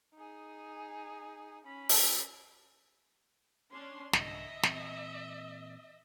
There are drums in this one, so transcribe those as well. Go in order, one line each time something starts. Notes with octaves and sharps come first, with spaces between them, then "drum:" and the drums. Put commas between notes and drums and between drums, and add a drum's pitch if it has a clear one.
D#4 G#4
C#4 B5
drum: open hi-hat
C#4 D4 C6
C2 G#2 D3 D#5 E5, drum: snare
A#2 E3 C4, drum: snare